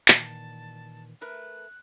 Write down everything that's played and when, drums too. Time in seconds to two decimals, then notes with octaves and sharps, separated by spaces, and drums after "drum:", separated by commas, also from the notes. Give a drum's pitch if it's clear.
0.08 A#2 D#3 E3 A5, drum: clap
1.21 A3 A#4 B4 F#6